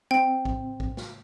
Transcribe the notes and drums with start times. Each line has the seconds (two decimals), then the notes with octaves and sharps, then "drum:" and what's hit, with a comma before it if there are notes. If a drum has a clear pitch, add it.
0.11 C4 G5
0.45 drum: kick
0.80 drum: kick
0.97 drum: snare